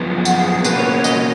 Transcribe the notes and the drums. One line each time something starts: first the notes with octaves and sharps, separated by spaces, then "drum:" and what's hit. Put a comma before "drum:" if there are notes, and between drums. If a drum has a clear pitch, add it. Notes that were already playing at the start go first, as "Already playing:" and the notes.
Already playing: F#2 F3 B3
F#5, drum: tambourine
G#4
G#4
B2 A#3 C#4 F#4 B4, drum: tambourine
C#5
C#5
D#5, drum: tambourine